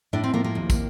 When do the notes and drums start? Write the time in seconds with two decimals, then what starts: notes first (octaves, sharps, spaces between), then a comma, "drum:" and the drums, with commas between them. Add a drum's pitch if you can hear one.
0.13 A2 D4
0.24 C4
0.34 F3 A#3
0.44 A#3
0.55 D#2
0.70 drum: kick, tambourine